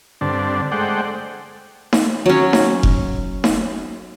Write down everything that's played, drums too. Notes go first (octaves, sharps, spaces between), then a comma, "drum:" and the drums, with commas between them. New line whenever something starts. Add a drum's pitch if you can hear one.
G2 D3 C4 D4
G#3 A3 C5 D5 F#5 G5
drum: snare D#4
F#3 C#4
drum: snare D#4
drum: kick F1
drum: snare D#4